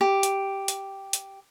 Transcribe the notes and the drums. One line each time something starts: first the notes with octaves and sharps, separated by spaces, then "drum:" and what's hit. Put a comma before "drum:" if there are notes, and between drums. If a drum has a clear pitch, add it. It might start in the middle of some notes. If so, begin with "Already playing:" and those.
G4
drum: hi-hat
drum: hi-hat
drum: hi-hat